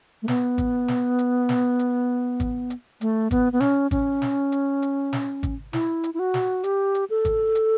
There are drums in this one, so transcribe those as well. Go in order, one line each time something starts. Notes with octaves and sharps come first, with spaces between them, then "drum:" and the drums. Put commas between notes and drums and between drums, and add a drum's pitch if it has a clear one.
A3
B3, drum: snare
drum: kick G#1, hi-hat
drum: snare
drum: hi-hat
drum: snare
drum: hi-hat
drum: kick G#1, hi-hat
drum: hi-hat
A3, drum: hi-hat
B3, drum: kick G#1, hi-hat
B3
C#4, drum: snare
C#4, drum: kick G#1, hi-hat
drum: snare
drum: hi-hat
drum: hi-hat
drum: snare
drum: kick G#1, hi-hat
E4, drum: snare
drum: hi-hat
E4
F#4
drum: snare
G4, drum: hi-hat
drum: hi-hat
A4
drum: kick G#1, hi-hat
drum: hi-hat